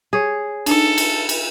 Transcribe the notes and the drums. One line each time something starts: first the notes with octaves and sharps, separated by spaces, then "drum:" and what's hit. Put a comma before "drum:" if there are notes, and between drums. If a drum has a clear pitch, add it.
G#4 C#5
D4 D#4 A4, drum: cymbal
drum: cymbal
drum: cymbal